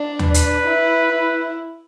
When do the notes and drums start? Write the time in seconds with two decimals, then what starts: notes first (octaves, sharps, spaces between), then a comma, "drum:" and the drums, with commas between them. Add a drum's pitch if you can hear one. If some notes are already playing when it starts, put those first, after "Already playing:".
Already playing: D4
0.19 B4, drum: tom
0.34 drum: hi-hat
0.66 E4
1.12 E4